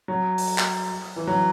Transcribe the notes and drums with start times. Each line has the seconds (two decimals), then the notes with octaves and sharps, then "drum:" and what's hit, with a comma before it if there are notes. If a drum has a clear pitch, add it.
0.08 F#3
0.38 drum: open hi-hat
0.58 drum: clap
1.16 E3
1.27 F#3